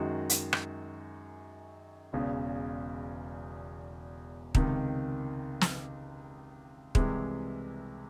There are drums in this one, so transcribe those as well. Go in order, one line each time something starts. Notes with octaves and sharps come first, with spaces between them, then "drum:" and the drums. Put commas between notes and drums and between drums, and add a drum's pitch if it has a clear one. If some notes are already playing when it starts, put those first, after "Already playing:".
Already playing: F#2 D#3 G#3 D#4 F#4
drum: hi-hat
drum: rim click
E1 E2 C#3
C#2 C3 D#3, drum: kick
drum: snare
C2 C3 E3 G#3, drum: kick